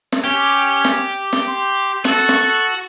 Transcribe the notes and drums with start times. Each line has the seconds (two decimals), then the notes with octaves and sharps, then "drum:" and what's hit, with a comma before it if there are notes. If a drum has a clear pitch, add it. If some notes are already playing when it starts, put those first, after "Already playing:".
0.12 drum: snare
0.24 C#4 G4
0.85 drum: snare
1.33 drum: snare
1.48 C6
2.05 F#4 A4, drum: snare
2.29 drum: snare